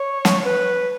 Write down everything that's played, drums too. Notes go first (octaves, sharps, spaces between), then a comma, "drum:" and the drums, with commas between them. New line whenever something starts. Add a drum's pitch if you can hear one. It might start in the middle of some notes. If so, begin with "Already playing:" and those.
Already playing: C#5
drum: snare
B4